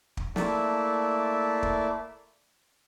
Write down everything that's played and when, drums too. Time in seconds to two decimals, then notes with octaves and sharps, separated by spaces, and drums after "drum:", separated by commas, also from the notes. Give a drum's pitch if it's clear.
0.17 drum: kick
0.36 A3 A#3 E4 D5 E5 A5, drum: snare
1.63 drum: kick